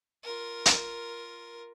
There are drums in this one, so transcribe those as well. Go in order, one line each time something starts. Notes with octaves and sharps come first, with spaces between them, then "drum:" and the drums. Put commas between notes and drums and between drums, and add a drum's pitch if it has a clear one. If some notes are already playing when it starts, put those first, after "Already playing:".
F4 A#4
drum: hi-hat